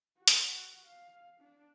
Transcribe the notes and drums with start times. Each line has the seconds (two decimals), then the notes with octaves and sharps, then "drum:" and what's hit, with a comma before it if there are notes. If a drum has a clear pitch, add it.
0.19 F#4
0.28 drum: hi-hat
0.86 F5
1.40 D4